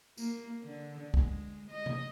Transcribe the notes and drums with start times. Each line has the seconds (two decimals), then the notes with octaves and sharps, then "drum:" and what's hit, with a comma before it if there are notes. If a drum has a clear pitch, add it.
0.18 A#3, drum: tambourine
0.63 D3
1.14 G#3, drum: kick
1.71 D#5
1.86 drum: tom C3